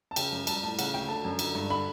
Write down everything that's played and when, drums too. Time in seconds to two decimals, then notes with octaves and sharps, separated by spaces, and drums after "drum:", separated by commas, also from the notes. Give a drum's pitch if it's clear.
0.11 A5
0.16 C#3 G5, drum: cymbal
0.32 F#2
0.47 G3 A5, drum: cymbal
0.63 A2 A5
0.79 C#3 F#5, drum: cymbal
0.94 D2 G5
1.08 D3 A5
1.25 F#2
1.39 D3, drum: cymbal
1.55 G2
1.70 D3 B5